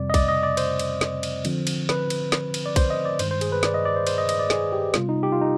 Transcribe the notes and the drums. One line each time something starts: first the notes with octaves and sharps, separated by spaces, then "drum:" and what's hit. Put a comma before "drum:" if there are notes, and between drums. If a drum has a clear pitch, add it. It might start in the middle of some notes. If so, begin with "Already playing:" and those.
Already playing: F2 C3 G3 C4 D5
D#5
D5, drum: kick B1, cymbal
D#5
D5
C5, drum: cymbal
drum: cymbal
drum: snare
drum: cymbal
D3 F3 C4, drum: cymbal
drum: cymbal
B4, drum: snare
drum: cymbal
drum: snare
drum: cymbal
D5
C5, drum: kick B1, cymbal
D#5
D5
G2 D#3 G#3 C5, drum: cymbal
C5
G#4, drum: cymbal
B4
D5, drum: snare
D#5
D5
C5
C5, drum: cymbal
D#5
D#5, drum: cymbal
D5
G#4, drum: snare
G4
C3 G3 B3 F4, drum: snare
D#4
G4
F4
D#4